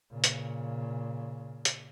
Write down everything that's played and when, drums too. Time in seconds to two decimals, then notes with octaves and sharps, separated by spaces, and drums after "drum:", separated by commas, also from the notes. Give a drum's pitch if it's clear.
0.11 A#2 C#3
0.24 drum: hi-hat
1.65 drum: hi-hat